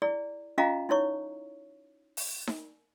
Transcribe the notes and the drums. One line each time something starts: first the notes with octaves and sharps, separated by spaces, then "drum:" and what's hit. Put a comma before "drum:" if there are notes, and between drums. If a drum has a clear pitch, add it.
E4 G#4 D5
C#4 F4 G#4 D#5 F5 A#5
D#4 E4 C#5 C#6
drum: open hi-hat
drum: snare D#4